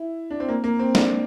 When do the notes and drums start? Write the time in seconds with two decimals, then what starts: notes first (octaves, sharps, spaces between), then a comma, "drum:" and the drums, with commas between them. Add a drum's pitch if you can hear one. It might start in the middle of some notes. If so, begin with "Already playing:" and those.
Already playing: E4
0.30 D4
0.40 C4
0.49 A#3
0.64 A#3
0.79 C4
0.95 D4, drum: snare